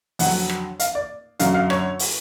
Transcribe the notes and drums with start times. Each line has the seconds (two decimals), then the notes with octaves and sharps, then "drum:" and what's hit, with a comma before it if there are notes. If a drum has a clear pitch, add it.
0.19 F2 D3 F#3 F#5, drum: open hi-hat
0.49 drum: rim click
0.80 F5, drum: hi-hat
0.95 D5
1.39 F#2 D3 F#3 F5, drum: hi-hat
1.54 F5
1.70 C#5, drum: rim click
1.99 drum: open hi-hat